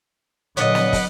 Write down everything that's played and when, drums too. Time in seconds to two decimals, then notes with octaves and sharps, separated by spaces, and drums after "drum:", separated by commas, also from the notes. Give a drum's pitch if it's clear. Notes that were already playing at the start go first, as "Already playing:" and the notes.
0.57 A#2 D3 F#3 D4 B4 C#5 D#5 F#5, drum: hi-hat
0.75 drum: snare
0.93 drum: kick, open hi-hat